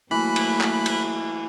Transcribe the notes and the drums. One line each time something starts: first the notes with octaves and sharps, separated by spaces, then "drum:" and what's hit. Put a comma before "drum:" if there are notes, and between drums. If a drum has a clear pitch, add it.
E3 F#3 A3 A#3 B5 F#6
drum: cymbal
drum: clap
drum: cymbal